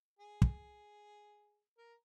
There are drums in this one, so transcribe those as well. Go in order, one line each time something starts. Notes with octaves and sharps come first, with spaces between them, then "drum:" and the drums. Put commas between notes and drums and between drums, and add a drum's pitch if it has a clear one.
G#4
drum: kick
A#4